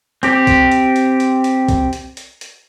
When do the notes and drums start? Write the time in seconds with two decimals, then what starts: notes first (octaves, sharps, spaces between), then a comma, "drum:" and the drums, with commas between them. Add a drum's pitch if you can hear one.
0.23 C4 G4, drum: hi-hat
0.47 drum: kick, hi-hat
0.71 drum: hi-hat
0.96 drum: hi-hat
1.20 drum: hi-hat
1.44 drum: hi-hat
1.68 drum: kick, hi-hat
1.93 drum: hi-hat
2.17 drum: hi-hat
2.41 drum: hi-hat